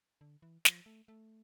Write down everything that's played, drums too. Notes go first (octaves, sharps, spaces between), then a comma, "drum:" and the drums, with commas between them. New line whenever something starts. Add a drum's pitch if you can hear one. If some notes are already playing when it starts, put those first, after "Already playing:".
D3
E3
F3, drum: snare
A3
A3